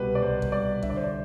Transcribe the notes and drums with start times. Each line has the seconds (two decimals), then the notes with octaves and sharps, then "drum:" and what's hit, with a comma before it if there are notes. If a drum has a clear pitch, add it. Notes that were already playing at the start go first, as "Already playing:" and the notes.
Already playing: C2 B2 G4 B4
0.15 D5
0.22 C2 C5
0.42 drum: kick A1
0.52 C2 D5
0.83 D3 E5, drum: kick A1
0.90 D5
0.97 C5
1.04 D5